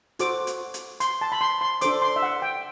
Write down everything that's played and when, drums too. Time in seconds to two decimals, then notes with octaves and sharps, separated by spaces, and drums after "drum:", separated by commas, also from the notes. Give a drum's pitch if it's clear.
0.19 F#4 A4 C5 D6, drum: hi-hat
0.47 drum: hi-hat
0.74 drum: hi-hat
1.00 C6, drum: hi-hat
1.21 A5
1.32 B5
1.41 C6
1.61 C6
1.81 D4 A4 C5 D6, drum: hi-hat
2.02 C6
2.16 E5
2.22 F#5
2.42 G5